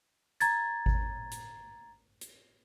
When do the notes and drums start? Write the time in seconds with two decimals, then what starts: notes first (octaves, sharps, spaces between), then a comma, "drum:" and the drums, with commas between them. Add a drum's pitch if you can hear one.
0.40 A#5 G#6 A6, drum: hi-hat
0.86 drum: kick G#1
1.31 drum: hi-hat
2.21 drum: hi-hat